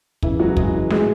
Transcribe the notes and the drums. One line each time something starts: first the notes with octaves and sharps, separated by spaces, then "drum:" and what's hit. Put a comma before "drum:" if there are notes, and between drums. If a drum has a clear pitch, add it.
C#3 E3 E4, drum: kick
C#3 F#3 F#4
E3 G#3 G#4, drum: kick
E3
A2 G#3 G#4, drum: snare